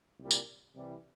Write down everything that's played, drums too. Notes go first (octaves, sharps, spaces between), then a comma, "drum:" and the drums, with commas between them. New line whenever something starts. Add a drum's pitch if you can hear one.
C2 A#2 G3
drum: tambourine
C2 C3 E3 G3